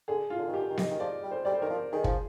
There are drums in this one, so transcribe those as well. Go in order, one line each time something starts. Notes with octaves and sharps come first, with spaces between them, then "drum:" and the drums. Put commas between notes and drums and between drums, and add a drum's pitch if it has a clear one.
D3 G#4
F4
D3
D#3 G4
D3
D#3
D#5, drum: snare B3
D#3
F3 D5
G3
C5
G3 D5
C5
D#3 A#4
F3
D#3 G#4
F3, drum: kick